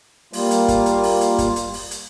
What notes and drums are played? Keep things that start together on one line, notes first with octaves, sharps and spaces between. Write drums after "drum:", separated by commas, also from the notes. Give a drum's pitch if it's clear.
G3 A#3 F4, drum: open hi-hat
drum: hi-hat
drum: kick, hi-hat
drum: hi-hat
drum: open hi-hat
drum: hi-hat
drum: kick, hi-hat
drum: hi-hat
drum: open hi-hat
drum: hi-hat